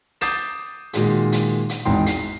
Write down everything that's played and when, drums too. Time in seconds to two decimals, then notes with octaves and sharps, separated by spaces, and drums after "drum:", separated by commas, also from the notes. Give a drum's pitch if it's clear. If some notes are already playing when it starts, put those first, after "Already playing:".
0.21 D6 D#6 G6 A6 C7 E7, drum: hi-hat
0.93 A#2 D#3 G#3 F#4 G#4, drum: hi-hat
1.32 drum: hi-hat
1.69 drum: hi-hat
1.85 G#1 E2 G#2 D#4 G5 C6
2.07 C7, drum: hi-hat